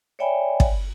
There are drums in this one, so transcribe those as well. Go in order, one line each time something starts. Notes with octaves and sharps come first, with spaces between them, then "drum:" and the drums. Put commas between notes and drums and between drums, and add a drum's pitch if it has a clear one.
C#5 D5 E5 G5 G#5 B5
drum: kick